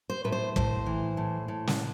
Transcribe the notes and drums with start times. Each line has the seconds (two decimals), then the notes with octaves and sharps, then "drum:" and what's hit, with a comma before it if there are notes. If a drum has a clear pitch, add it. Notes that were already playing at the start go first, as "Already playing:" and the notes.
0.10 C5
0.24 A2 B4
0.32 C5
0.56 A2 C5, drum: kick
0.86 E3
1.17 A2
1.48 A2
1.67 drum: snare